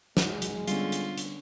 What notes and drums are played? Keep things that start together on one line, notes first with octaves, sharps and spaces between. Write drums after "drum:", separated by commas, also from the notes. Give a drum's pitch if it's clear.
F#3 G#3, drum: snare
drum: hi-hat
D3 G3 B3 C#4 F4, drum: hi-hat
drum: hi-hat
drum: hi-hat